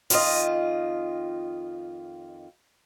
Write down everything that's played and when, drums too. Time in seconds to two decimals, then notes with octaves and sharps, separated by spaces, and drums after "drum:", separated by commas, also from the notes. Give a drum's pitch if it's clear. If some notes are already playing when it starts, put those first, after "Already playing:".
0.10 F2 D#3 A#3 F4 D#5, drum: open hi-hat